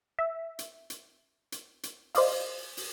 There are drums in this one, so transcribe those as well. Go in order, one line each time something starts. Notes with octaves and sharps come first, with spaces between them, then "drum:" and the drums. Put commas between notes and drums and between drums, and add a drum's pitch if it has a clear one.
E5
drum: hi-hat
drum: hi-hat
drum: hi-hat
drum: hi-hat
C5 D5 D#5 F5, drum: open hi-hat
drum: open hi-hat